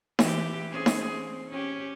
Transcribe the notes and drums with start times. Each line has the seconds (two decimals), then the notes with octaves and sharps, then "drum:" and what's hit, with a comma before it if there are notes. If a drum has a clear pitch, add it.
0.19 E3 G4, drum: snare D#4
0.71 C4 C#4 G#4
0.86 drum: snare D#4
1.08 C4
1.50 C#4 G4